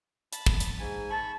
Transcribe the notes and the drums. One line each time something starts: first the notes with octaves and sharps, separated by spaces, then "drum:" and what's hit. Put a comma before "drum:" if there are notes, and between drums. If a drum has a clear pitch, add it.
A5 B5, drum: hi-hat
drum: kick
drum: hi-hat
G#2 G#5
A5 B5 C#6